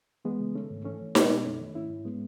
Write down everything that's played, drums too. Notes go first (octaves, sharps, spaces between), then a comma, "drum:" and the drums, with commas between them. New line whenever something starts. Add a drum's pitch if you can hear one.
E3 G#3 B3
C#3
D#3 A3 C#4
G#2
E3 A3 C#4
E3
B2 G#3 B3, drum: snare D#4
B2
F#2 A3 C#4
D#3
G#2 C#4 E4
G#2
A2 G#3 B3